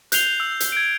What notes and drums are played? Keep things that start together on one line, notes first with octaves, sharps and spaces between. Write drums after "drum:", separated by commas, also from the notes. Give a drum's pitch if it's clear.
F#6 G6 C7 F7 G7, drum: hi-hat
E6
drum: hi-hat
G#6 D7